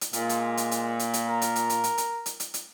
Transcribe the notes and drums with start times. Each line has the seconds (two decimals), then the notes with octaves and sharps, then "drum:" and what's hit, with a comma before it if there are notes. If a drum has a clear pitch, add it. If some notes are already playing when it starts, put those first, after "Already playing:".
0.01 drum: hi-hat
0.13 A#2 G#3, drum: hi-hat
0.29 drum: hi-hat
0.57 drum: hi-hat
0.71 drum: hi-hat
0.99 drum: hi-hat
1.13 drum: hi-hat
1.28 A#4
1.42 drum: hi-hat
1.56 drum: hi-hat
1.70 drum: hi-hat
1.84 drum: hi-hat
1.98 drum: hi-hat
2.26 drum: hi-hat
2.40 drum: hi-hat
2.54 drum: hi-hat